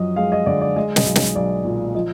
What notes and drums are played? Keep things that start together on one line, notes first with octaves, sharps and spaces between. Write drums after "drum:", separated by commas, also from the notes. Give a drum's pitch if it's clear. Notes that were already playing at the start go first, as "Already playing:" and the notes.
Already playing: F#2 F3 D#5
G#3 F5
D#5
D3 D5
D5
G#3 D#5
D#5, drum: snare
B1
D#5, drum: snare
B1 D5
A#2
F3 D#5